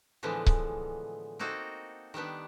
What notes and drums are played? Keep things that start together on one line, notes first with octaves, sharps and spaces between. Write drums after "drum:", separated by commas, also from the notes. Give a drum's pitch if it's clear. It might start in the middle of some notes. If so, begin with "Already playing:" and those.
A2 D3 E3 F3 G#3 B3
drum: kick C#1
A#3 C4 D#4 F#4 A4
D#3 G3 B3 D4